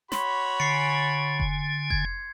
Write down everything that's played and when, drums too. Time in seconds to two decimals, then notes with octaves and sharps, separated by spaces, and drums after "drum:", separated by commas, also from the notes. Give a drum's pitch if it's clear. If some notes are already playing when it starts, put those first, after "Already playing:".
0.12 F#4 C#5 B5 C6, drum: snare
0.60 D3 G#5 C7 C#7
1.40 drum: kick F1
1.90 G#6, drum: kick F1